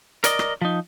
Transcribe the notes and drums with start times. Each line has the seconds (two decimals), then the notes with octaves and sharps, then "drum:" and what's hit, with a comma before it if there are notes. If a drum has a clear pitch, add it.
0.24 A#4 D5 D#5, drum: hi-hat
0.39 drum: rim click
0.61 F3 D#4